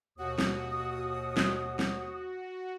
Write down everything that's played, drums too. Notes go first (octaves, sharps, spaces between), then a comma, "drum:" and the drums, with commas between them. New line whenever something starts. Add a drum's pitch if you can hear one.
D#2 B2 F#4 D#6
drum: snare
drum: snare
drum: snare